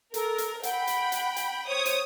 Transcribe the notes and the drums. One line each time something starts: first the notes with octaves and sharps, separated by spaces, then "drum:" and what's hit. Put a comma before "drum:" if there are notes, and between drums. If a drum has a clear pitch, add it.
A4 A#4, drum: hi-hat
drum: hi-hat
F#5 G5 B5, drum: hi-hat
drum: hi-hat
drum: hi-hat
drum: hi-hat
C5 C#5 D#6
drum: hi-hat